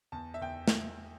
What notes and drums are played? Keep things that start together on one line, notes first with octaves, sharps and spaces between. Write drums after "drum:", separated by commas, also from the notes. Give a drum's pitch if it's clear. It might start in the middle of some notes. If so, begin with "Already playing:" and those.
E2 A5
E5
E2 G5
drum: snare